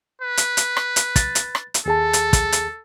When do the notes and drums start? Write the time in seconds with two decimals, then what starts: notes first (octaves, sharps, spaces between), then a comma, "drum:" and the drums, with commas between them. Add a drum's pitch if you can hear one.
0.21 B4
0.37 drum: hi-hat
0.57 drum: hi-hat
0.77 drum: rim click
0.96 drum: hi-hat
1.16 A6, drum: kick, hi-hat
1.35 drum: hi-hat
1.55 drum: rim click
1.74 drum: hi-hat
1.86 D#2 G#4 A4 A5
2.13 drum: hi-hat
2.33 drum: kick, hi-hat
2.52 drum: hi-hat